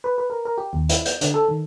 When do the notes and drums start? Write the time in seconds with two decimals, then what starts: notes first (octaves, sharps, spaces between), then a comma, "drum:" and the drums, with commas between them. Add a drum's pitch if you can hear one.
0.04 B4
0.18 B4
0.30 A#4
0.45 A#4
0.58 G4
0.73 D#2
0.89 E4, drum: hi-hat
1.06 G6, drum: hi-hat
1.21 D3, drum: hi-hat
1.34 A4
1.48 D#3